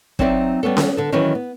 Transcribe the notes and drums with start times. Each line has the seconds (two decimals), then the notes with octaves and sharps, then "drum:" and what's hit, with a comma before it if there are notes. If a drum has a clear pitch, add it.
0.19 F#3 C4 D#4 E4 D5 E5, drum: kick
0.63 G3 B3 C#4 A4
0.77 drum: snare C#4
0.97 D3 A4
1.12 D#3 E3 F#3 C#4 G#4 B4
1.35 B3